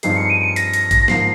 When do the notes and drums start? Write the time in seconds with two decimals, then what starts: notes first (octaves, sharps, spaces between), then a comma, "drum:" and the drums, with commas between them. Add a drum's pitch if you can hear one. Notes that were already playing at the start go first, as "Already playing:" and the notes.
0.03 G2 F3 C4 D#4 G#4 C7, drum: hi-hat
0.16 C#7
0.30 D#7
0.43 C#7
0.56 A#6, drum: hi-hat
0.73 drum: hi-hat
0.91 drum: kick, hi-hat
1.08 G#2 F3 A#3 C7, drum: snare